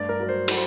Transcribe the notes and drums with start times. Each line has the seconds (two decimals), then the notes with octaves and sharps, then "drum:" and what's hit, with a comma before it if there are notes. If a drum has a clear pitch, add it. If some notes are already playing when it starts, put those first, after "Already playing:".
Already playing: G2 A3 D5
0.09 A#4
0.19 F#3 A#4
0.28 C5
0.48 F#3, drum: cymbal